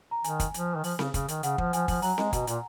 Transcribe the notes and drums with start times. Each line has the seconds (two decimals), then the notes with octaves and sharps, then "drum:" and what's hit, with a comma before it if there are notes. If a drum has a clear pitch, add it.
0.11 A#5
0.24 D#3 G#5, drum: hi-hat
0.40 drum: kick, hi-hat
0.54 F3, drum: hi-hat
0.76 D#3
0.84 F3, drum: open hi-hat
0.99 C#3, drum: snare C4
1.14 C#3, drum: kick, hi-hat
1.28 D#3, drum: hi-hat
1.43 C#3 F#5, drum: hi-hat
1.58 F3, drum: kick
1.73 F3 G#5, drum: hi-hat
1.88 F3, drum: kick, open hi-hat
2.02 F#3 A#5, drum: open hi-hat
2.18 G#3, drum: snare C4
2.33 B2, drum: kick, hi-hat
2.47 A#2, drum: hi-hat